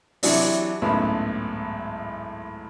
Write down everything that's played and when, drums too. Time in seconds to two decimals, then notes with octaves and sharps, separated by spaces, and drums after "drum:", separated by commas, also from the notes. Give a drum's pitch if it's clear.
0.23 C3 E3 F#3 D4, drum: open hi-hat
0.82 G#1 C#2 F#2 A2 B3 B5